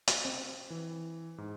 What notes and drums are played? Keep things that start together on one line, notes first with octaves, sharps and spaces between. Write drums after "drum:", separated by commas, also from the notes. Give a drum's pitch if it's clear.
drum: hi-hat
C4
E3
G#2